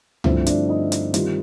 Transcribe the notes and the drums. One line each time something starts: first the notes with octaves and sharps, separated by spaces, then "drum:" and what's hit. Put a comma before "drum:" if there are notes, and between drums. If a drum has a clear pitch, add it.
G2 D3 F3 A3 C4 E4 E5, drum: tom C#2
D4 D5, drum: hi-hat
D#4 D#5
drum: hi-hat
D#3 G3 C4 F4, drum: hi-hat